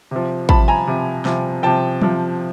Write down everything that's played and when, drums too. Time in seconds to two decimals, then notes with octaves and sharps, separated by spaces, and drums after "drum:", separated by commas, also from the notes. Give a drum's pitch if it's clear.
0.11 C3 F3
0.49 C3 F3 A5 B5, drum: kick
0.68 G#5 A#5
0.87 C3 F3
1.25 C3 F3, drum: snare
1.63 C3 F3 G5 A5
2.02 C3 F3, drum: tom F#3